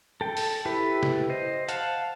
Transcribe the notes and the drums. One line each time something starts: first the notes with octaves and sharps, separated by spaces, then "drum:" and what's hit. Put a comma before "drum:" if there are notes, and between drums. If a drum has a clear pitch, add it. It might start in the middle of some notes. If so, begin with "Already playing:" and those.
A4 G5
drum: open hi-hat
E4 G4 A4 B4
drum: snare
C5 D#5
F5 F#5 A5, drum: hi-hat